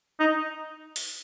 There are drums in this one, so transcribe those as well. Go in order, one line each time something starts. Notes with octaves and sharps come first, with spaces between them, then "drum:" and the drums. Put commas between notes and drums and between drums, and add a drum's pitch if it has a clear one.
D#4
drum: open hi-hat